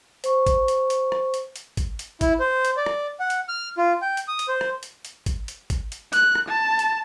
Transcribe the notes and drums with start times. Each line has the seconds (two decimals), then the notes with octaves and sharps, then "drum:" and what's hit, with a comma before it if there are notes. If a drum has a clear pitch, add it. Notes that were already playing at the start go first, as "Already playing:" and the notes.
0.24 C5 C#6, drum: hi-hat
0.47 drum: kick, hi-hat
0.68 drum: hi-hat
0.90 drum: hi-hat
1.12 drum: rim click
1.34 drum: hi-hat
1.56 drum: hi-hat
1.77 drum: kick, hi-hat
1.99 drum: hi-hat
2.21 E4, drum: kick, hi-hat
2.40 C5
2.65 drum: hi-hat
2.77 D5
2.86 drum: rim click
3.20 F#5
3.30 drum: hi-hat
3.49 F6
3.78 F4
4.02 G5
4.17 drum: hi-hat
4.28 D#6
4.39 drum: hi-hat
4.48 C5
4.61 drum: rim click
4.83 drum: hi-hat
5.05 drum: hi-hat
5.26 drum: kick, hi-hat
5.48 drum: hi-hat
5.70 drum: kick, hi-hat
5.92 drum: hi-hat
6.13 F#6, drum: hi-hat
6.35 drum: rim click
6.49 A5
6.79 drum: hi-hat